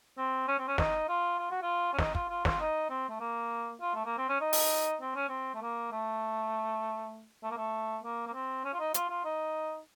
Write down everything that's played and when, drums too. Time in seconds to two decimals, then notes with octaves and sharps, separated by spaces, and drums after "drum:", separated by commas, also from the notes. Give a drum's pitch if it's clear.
0.18 C4
0.48 C#4
0.58 C4
0.68 C#4
0.78 D#4, drum: snare
1.09 F4
1.39 F4
1.51 F#4
1.62 F4
1.93 C#4
1.99 D#4, drum: snare
2.15 F4, drum: kick
2.29 F4
2.45 F4, drum: snare
2.60 D#4
2.90 C4
3.09 A3
3.20 A#3
3.81 F4
3.95 A3
4.06 A#3
4.17 C4
4.29 C#4
4.41 D#4
4.53 drum: open hi-hat
5.01 C4
5.15 C#4
5.29 C4
5.54 A3
5.62 A#3
5.92 A3
7.43 A3
7.51 A#3
7.57 A3
8.04 A#3
8.27 A#3
8.33 C4
8.64 C#4
8.73 F4
8.79 D#4
8.94 F4, drum: hi-hat
9.10 F4
9.25 D#4